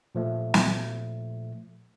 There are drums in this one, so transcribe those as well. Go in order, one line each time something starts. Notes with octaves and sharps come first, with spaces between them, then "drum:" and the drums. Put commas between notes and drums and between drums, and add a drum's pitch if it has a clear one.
A#2 F3 A3
drum: snare